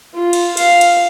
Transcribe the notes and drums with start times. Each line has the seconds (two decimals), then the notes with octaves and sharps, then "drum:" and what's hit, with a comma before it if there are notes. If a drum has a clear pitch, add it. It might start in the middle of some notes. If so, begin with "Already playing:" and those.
0.14 F4
0.33 drum: cymbal
0.57 F5, drum: cymbal
0.81 drum: cymbal